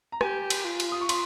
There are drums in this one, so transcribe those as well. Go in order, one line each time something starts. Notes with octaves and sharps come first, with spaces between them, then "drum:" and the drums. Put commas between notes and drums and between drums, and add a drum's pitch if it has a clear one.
A#5
G4 G#5, drum: rim click
drum: cymbal
F4
drum: cymbal
D#6
C#6
C6, drum: cymbal